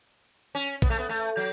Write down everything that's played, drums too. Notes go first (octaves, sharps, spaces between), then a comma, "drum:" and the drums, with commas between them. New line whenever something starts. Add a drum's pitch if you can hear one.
C#4
B3, drum: kick
A3
B3
A3
F#3